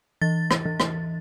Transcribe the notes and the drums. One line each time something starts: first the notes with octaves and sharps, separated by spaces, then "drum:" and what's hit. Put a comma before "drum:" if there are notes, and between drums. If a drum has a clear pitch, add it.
E3 A6
drum: rim click
E3
drum: rim click